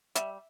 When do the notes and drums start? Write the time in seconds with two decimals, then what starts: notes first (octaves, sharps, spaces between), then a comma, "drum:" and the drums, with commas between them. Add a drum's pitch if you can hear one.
0.15 G3 E5, drum: hi-hat